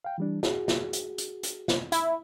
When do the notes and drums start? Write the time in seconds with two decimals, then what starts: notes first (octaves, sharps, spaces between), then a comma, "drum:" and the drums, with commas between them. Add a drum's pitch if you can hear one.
0.04 F5 G5
0.18 E3 G3 D4
0.43 F#4 G#4, drum: snare
0.68 drum: snare
0.93 drum: hi-hat
1.18 drum: hi-hat
1.43 drum: hi-hat
1.68 drum: snare
1.92 E4, drum: hi-hat